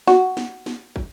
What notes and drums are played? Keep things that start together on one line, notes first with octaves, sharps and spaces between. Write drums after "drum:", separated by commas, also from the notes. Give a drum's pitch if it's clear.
F#4, drum: snare
drum: snare
drum: snare
drum: kick